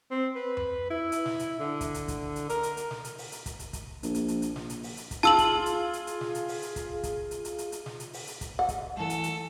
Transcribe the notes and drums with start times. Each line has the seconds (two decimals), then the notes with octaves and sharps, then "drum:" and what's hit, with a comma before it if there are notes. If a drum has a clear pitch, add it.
0.11 C4
0.36 B4
0.57 drum: tom F2
0.90 E4
1.12 drum: hi-hat
1.26 drum: snare
1.39 drum: hi-hat
1.60 D3
1.81 drum: kick, hi-hat
1.94 drum: hi-hat
2.08 drum: kick, hi-hat
2.36 drum: hi-hat
2.49 A#4, drum: hi-hat
2.63 drum: hi-hat
2.77 drum: hi-hat
2.91 drum: snare
3.04 drum: hi-hat
3.18 drum: open hi-hat
3.32 drum: hi-hat
3.46 drum: kick, hi-hat
3.59 drum: hi-hat
3.73 drum: kick, hi-hat
4.03 A#1, drum: hi-hat
4.15 drum: hi-hat
4.28 drum: hi-hat
4.42 drum: hi-hat
4.56 drum: snare
4.70 drum: hi-hat
4.83 drum: open hi-hat
4.97 drum: hi-hat
5.11 drum: kick, hi-hat
5.23 F4 G#4 A5 E6 F#7, drum: hi-hat
5.38 drum: kick, hi-hat
5.66 drum: hi-hat
5.93 drum: hi-hat
6.07 drum: hi-hat
6.21 drum: snare
6.35 drum: hi-hat
6.48 drum: open hi-hat
6.62 drum: hi-hat
6.76 drum: kick, hi-hat
7.03 drum: kick, hi-hat
7.31 drum: hi-hat
7.45 drum: hi-hat
7.58 drum: hi-hat
7.72 drum: hi-hat
7.86 drum: snare
8.00 drum: hi-hat
8.13 drum: open hi-hat
8.27 drum: hi-hat
8.41 drum: kick, hi-hat
8.59 F#5
8.68 drum: kick, hi-hat
8.97 E3 A3 A4
9.10 drum: hi-hat
9.24 drum: hi-hat